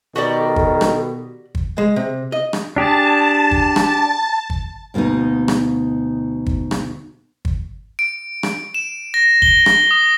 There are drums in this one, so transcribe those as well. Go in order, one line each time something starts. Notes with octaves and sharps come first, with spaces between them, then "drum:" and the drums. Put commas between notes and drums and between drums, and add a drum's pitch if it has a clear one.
B2 D#3 F#4 G4 A4 D5
drum: kick
drum: rim click
drum: kick
G#3
C3
D#5
drum: rim click
D4 G4 G#4 A5
drum: kick
drum: rim click
drum: kick
D2 B2 A#3 B3 D#4
drum: rim click
drum: kick
drum: rim click
drum: kick
D7
drum: rim click
E7
A#6
G7, drum: kick
drum: rim click
D#6